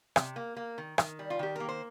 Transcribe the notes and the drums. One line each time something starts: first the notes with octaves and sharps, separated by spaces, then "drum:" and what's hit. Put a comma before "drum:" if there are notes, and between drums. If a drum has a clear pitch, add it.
C3, drum: rim click
A#3
A#3
D#3
D#3, drum: rim click
G3
F4
D#3 G4
A#3 A#4
C5